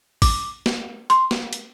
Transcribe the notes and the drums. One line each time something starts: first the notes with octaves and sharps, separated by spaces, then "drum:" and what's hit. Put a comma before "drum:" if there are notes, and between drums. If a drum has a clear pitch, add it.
D6, drum: kick, open hi-hat
drum: snare
C6, drum: hi-hat
drum: snare
drum: hi-hat